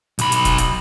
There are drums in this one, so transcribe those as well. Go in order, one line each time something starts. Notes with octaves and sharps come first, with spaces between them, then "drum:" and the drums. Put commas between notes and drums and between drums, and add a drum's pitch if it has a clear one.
B1 B5, drum: hi-hat
drum: hi-hat
drum: kick E1, hi-hat
drum: hi-hat